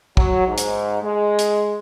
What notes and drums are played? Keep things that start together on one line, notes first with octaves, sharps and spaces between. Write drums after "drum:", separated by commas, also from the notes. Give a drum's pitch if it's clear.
F#3, drum: kick
G#2
drum: hi-hat
G#3
drum: hi-hat